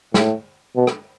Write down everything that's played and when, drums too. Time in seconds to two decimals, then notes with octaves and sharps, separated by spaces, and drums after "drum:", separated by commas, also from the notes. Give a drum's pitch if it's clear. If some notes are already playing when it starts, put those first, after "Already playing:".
0.14 A2, drum: snare
0.76 B2
0.87 drum: rim click